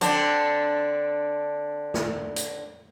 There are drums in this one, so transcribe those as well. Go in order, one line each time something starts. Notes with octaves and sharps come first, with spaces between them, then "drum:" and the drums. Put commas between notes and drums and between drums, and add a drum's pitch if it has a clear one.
D3 C4 D4, drum: hi-hat
drum: snare
drum: hi-hat